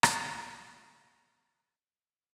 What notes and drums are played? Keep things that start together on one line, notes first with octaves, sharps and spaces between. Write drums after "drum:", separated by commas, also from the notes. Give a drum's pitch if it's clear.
drum: rim click
C3
D3
C3